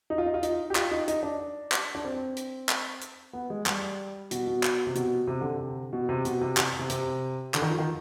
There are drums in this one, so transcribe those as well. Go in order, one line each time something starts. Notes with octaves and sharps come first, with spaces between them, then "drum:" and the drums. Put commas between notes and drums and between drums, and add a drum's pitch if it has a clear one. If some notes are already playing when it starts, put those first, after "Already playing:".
D#4
F4
D#4
F4
D#4, drum: hi-hat
G4
F4, drum: clap
D#4
D#4, drum: hi-hat
D4
drum: clap
D4
C4
drum: hi-hat
drum: clap
drum: hi-hat
B3
G#3
G3, drum: clap
B2, drum: hi-hat
B2
drum: clap
C3
B2, drum: hi-hat
C3
D3
C3
B2
C3
B2, drum: hi-hat
C3
C3, drum: clap
C3
C3, drum: hi-hat
D3, drum: clap
D#3
F3
D#3